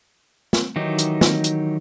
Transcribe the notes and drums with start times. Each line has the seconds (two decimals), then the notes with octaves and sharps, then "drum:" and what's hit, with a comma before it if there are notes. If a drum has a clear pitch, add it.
0.53 drum: snare
0.76 D#3 E3 F#3 D#4 G4
0.99 drum: hi-hat
1.21 drum: snare
1.44 drum: hi-hat